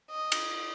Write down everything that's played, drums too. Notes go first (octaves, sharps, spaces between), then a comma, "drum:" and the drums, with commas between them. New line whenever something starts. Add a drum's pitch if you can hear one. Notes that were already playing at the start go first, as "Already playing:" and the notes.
D#5
drum: cymbal